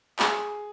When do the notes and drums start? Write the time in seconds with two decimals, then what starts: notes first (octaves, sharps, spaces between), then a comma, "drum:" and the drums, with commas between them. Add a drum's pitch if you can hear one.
0.19 G#4, drum: clap